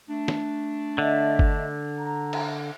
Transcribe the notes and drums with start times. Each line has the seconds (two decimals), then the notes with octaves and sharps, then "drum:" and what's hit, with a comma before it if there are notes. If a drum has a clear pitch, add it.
0.09 A3 D4
0.28 drum: snare
0.98 D3 D#5 E5
1.39 drum: kick G1
1.98 A#5
2.33 drum: cymbal